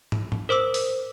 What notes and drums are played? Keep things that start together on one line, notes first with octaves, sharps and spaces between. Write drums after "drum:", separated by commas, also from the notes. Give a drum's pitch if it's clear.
drum: tom
drum: tom
A#4 C5 D6 E6
drum: open hi-hat